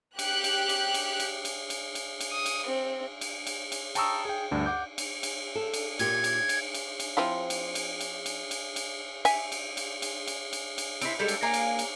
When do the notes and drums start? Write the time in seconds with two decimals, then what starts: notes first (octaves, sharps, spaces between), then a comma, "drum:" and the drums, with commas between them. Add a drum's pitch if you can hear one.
0.19 G4 F#6, drum: cymbal
0.44 drum: cymbal
0.69 drum: cymbal
0.94 drum: cymbal
1.20 drum: cymbal
1.45 drum: cymbal
1.70 drum: cymbal
1.95 drum: cymbal
2.20 drum: cymbal
2.31 D#6
2.46 drum: cymbal
2.67 C4
3.21 drum: cymbal
3.47 drum: cymbal
3.72 drum: cymbal
3.95 G5 A5 A#5 C#6 D#6 E6, drum: cymbal
4.25 G#4 G5
4.51 D2 G2 D4
4.66 F#5 D6 G6
4.98 drum: cymbal
5.23 drum: cymbal
5.55 A4
5.74 drum: cymbal
5.99 A#2 G4 G#6, drum: cymbal
6.24 drum: cymbal
6.49 drum: cymbal
6.74 drum: cymbal
7.00 drum: cymbal
7.17 F3 C4 E4
7.50 drum: cymbal
7.75 drum: cymbal
8.00 drum: cymbal
8.26 drum: cymbal
8.51 drum: cymbal
8.76 drum: cymbal
9.25 E5 G#5, drum: cymbal
9.52 drum: cymbal
9.77 drum: cymbal
10.02 drum: cymbal
10.27 drum: cymbal
10.53 drum: cymbal
10.78 drum: cymbal
11.01 C4 E4, drum: cymbal
11.19 G3 G#3 A4 B4
11.28 drum: cymbal
11.42 A#3 F5 G#5 A#5
11.54 drum: cymbal
11.79 drum: cymbal